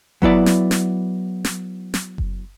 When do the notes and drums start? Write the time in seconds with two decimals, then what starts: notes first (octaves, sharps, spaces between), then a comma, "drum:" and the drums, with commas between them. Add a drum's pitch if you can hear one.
0.22 F#3 B3 E4 D5, drum: kick F#1
0.46 drum: snare
0.71 drum: snare
1.45 drum: snare
1.94 drum: snare
2.18 drum: kick F#1